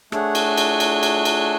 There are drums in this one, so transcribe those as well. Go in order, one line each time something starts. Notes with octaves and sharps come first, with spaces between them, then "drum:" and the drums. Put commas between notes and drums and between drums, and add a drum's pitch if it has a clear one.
A3 D4 G#4 C#5 F#5, drum: rim click
drum: cymbal
drum: cymbal
drum: cymbal
drum: cymbal
drum: cymbal